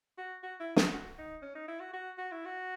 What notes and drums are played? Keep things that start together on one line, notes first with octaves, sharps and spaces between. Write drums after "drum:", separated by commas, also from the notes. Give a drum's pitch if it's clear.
F#4
F#4
E4
G#4, drum: snare
F#4
D#4
C#4
D#4
E4
F#4
F#4
F#4
E4
F#4